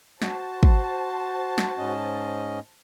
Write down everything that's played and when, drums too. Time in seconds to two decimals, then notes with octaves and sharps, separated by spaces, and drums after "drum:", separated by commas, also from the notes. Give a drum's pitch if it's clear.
0.22 F#4 C5 A5, drum: snare
0.63 drum: kick
1.58 drum: snare
1.78 G#2 C#4 D#5